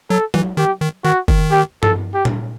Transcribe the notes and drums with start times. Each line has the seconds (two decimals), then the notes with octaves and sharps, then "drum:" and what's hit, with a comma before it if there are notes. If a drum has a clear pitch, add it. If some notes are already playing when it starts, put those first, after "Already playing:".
0.10 F#3 A4
0.34 E3, drum: tom F#3
0.57 D#3 G4
0.81 D#3
1.04 D#3 F#4
1.28 D#3, drum: kick F#1
1.52 G4
1.83 A4, drum: tom G2
2.14 G4
2.25 drum: tom A#2